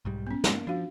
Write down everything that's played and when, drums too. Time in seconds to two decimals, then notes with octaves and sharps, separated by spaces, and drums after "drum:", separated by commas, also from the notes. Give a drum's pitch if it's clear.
0.05 B1 G#2 G3
0.27 B3 C#4
0.44 A#3, drum: snare
0.67 F3 D4 F#4 F5